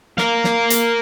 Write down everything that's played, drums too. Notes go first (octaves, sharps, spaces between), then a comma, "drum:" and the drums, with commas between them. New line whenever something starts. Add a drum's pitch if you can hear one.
A#4 F5, drum: snare
drum: snare
drum: hi-hat